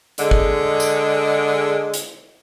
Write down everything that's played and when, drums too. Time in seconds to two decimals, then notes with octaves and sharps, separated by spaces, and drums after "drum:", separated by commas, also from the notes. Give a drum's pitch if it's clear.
0.18 D3 G#3, drum: hi-hat
0.31 drum: kick G#1
0.80 drum: tambourine
1.94 drum: hi-hat